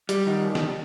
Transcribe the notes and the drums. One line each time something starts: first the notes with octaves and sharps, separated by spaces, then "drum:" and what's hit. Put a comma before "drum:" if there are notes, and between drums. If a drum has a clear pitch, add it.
G3, drum: hi-hat
D#3
D#2
drum: snare